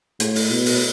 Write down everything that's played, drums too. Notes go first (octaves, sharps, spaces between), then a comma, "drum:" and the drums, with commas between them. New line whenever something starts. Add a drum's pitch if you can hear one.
A2, drum: hi-hat
drum: open hi-hat
B2
drum: open hi-hat